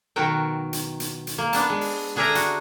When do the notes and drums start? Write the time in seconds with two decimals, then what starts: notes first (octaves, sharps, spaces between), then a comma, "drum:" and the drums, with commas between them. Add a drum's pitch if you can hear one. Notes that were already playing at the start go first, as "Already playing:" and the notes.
0.16 B2 D#3 F#3 F#4 A#4 G5
0.73 drum: hi-hat
1.00 drum: hi-hat
1.27 drum: hi-hat
1.38 A#3
1.53 B3 D4 A5, drum: hi-hat
1.70 G#3
1.81 drum: open hi-hat
2.16 D3 D4 G#4 A#4 E5 A#5
2.35 F#4, drum: hi-hat